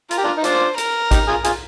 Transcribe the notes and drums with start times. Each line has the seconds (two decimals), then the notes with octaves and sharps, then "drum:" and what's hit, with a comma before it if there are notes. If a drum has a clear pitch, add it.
0.11 F4 A#4, drum: hi-hat
0.18 G4
0.24 D4 F4
0.37 D#4
0.44 D4 F4 C5, drum: hi-hat
0.78 A#4, drum: hi-hat
1.11 D#4 G4, drum: kick, hi-hat
1.28 F4 G#4
1.44 F4 G#4, drum: hi-hat